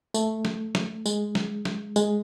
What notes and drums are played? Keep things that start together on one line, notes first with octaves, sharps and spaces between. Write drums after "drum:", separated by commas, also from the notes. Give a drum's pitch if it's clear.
A3, drum: tambourine
drum: snare
drum: snare
G#3, drum: tambourine
drum: snare
drum: snare
G#3, drum: tambourine